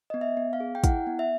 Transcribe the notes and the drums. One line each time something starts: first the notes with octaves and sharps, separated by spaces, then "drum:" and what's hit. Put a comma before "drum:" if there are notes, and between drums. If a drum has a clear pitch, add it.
B3 D#5
E5
B3
F5
G#4
G5
E4 F#5, drum: kick, hi-hat
B3
E5